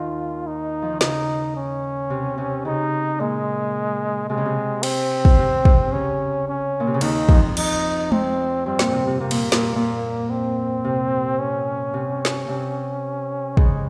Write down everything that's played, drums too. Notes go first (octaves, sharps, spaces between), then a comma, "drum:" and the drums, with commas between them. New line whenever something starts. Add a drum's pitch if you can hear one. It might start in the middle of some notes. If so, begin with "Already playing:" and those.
Already playing: D#2 D#3 F4
D#4
F3
D#3
C#3 D#4, drum: snare
C#4
C3
C3
C#3 D#4
A#2 G#3
C3 G#3
C#3
C3
C4, drum: cymbal
drum: kick
C3
C3, drum: kick
C#3 C#4
C#4
A#2
C3
C#3
D#2 D#3 D#4, drum: cymbal
F2 F3, drum: kick
D#4, drum: cymbal
C4, drum: tom G#3
G2 G3 C4
A#2, drum: snare
C3
C3
C3 A#3
A#2, drum: cymbal
A#2, drum: snare
A#2
C4
C3
C#4
C3
drum: snare
C3
C#3 G#3, drum: kick